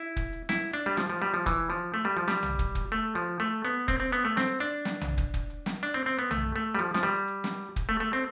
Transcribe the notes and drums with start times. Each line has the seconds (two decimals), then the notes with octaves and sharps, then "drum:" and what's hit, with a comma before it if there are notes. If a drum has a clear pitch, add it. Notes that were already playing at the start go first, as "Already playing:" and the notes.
Already playing: E4
0.16 drum: kick
0.33 drum: hi-hat
0.49 E4, drum: snare
0.74 D4
0.86 G3
0.97 F3, drum: snare
1.10 F3
1.22 G3
1.34 F3
1.46 E3, drum: kick, hi-hat
1.70 F3
1.94 A3
2.05 G3
2.17 F3
2.28 G3, drum: snare
2.43 drum: tom B1
2.59 drum: kick, hi-hat
2.75 drum: kick, hi-hat
2.92 A3, drum: hi-hat
3.15 F3
3.40 A3, drum: hi-hat
3.65 B3
3.88 C4, drum: kick, hi-hat
4.00 C4
4.12 B3
4.25 A3
4.37 C4, drum: snare
4.60 D4
4.85 drum: snare
5.01 drum: tom B1
5.18 drum: kick, hi-hat
5.34 drum: kick, hi-hat
5.50 drum: hi-hat
5.66 drum: snare
5.83 D4, drum: hi-hat
5.94 C4
6.06 C4
6.19 B3
6.31 A3, drum: tom B1
6.56 A3
6.75 G3
6.79 F3, drum: hi-hat
6.94 F3, drum: snare
7.03 G3
7.28 drum: hi-hat
7.44 drum: snare
7.76 drum: kick, hi-hat
7.89 A3
8.00 A3
8.13 C4